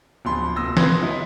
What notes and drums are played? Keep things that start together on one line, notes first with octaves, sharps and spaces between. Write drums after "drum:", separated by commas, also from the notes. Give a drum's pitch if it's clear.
D1 D2 F3 B5 C6
F1 D#2 D#6 E6 A#6
B4 C6 D#6 G#6, drum: snare
F#3 B3 D#4 E4